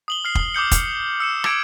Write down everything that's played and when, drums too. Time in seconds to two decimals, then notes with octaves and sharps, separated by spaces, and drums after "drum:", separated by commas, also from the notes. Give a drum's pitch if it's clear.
0.08 D#6 F#7 G7
0.25 F6 C7
0.35 drum: kick
0.54 D6 D#6 G6 C#7
0.71 drum: kick, hi-hat
1.20 E6 C#7 E7
1.44 D6 E6 G#6 D7, drum: rim click